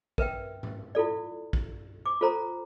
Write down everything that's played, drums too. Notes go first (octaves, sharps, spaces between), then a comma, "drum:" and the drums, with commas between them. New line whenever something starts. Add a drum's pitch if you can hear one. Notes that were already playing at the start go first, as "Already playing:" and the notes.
A#4 B4 E5 G5, drum: kick
drum: tom G#2
E4 F4 A4 D5
drum: kick
D6
F4 A4 C5 A#5